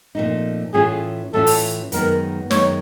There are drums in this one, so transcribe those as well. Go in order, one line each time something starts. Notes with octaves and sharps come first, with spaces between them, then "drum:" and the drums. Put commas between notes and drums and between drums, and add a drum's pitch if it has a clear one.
A#2 F3 A3 C4 D#4
A2 E3 A3 C#4 F4 G#4
A2 E3 A3 C#4 F4 A4
drum: open hi-hat
F#2 D#3 G#3 B3 A#4, drum: hi-hat
F#2 D#3 G#3 B3 C#5, drum: snare